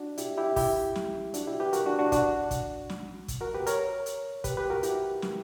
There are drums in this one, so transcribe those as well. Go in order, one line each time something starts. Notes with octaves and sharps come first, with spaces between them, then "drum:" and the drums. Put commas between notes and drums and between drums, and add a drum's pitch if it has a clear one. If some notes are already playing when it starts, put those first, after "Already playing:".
Already playing: D4 F#4
E4 G4, drum: hi-hat
E4 G4
E4 G4, drum: kick, open hi-hat
drum: snare
D4 F#4, drum: hi-hat
E4 G4
G4 B4
F#4 A#4, drum: hi-hat
D4 F#4
D4 F#4
D4 F#4, drum: kick, hi-hat
drum: kick, hi-hat
drum: snare
drum: kick, hi-hat
F#4 A#4
G4 B4
A#4 C#5, drum: hi-hat
drum: hi-hat
G4 B4, drum: kick, hi-hat
G4 B4
F#4 A#4
E4 G4, drum: hi-hat
drum: snare